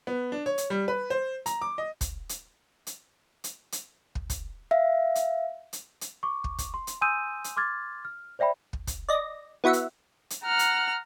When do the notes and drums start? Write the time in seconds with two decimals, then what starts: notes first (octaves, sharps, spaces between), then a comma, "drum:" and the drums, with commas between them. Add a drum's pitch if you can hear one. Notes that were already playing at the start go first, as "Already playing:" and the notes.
0.07 B3
0.32 D4
0.46 C#5
0.58 drum: hi-hat
0.70 G3
0.88 B4
1.10 C5
1.46 A#5, drum: hi-hat
1.62 D6
1.78 D#5
2.01 drum: kick, hi-hat
2.29 drum: hi-hat
2.87 drum: hi-hat
3.44 drum: hi-hat
3.72 drum: hi-hat
4.15 drum: kick
4.30 drum: kick, hi-hat
4.71 E5 F5
5.15 drum: hi-hat
5.73 drum: hi-hat
6.01 drum: hi-hat
6.23 C#6 D6
6.44 drum: kick
6.58 drum: kick, hi-hat
6.74 C6
6.87 drum: hi-hat
7.01 G#5 C6 D#6 E6 G6 D#7
7.44 drum: hi-hat
7.56 C6 D6 F6 G#6 A6
8.05 F6
8.39 C5 D5 E5 G5 B5
8.73 drum: kick
8.87 drum: kick, hi-hat
9.09 D5 D#5 A#6
9.64 B3 E4 F#4 E5 F#5
9.73 drum: hi-hat
10.30 drum: hi-hat
10.44 F#5 A#5 F6
10.59 drum: hi-hat